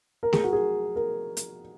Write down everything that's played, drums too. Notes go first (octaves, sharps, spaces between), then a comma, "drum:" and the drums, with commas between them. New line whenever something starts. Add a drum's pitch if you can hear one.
A#4
G#4, drum: snare A3
F#4
G#4
A#4
drum: hi-hat